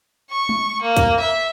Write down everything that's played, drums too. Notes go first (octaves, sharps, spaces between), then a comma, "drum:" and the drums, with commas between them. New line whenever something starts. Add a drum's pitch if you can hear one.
C#6
drum: tom G#3
A#3
drum: kick, hi-hat
E5